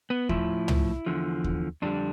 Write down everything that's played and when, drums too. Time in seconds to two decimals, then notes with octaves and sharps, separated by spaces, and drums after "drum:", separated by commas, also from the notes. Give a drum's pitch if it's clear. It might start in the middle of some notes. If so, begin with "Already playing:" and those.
0.10 B3
0.29 A2 F3 E4, drum: kick D#2
0.68 drum: tom
1.06 E2 D3 F3
1.44 drum: kick D#2
1.82 F2 D3 G3 D4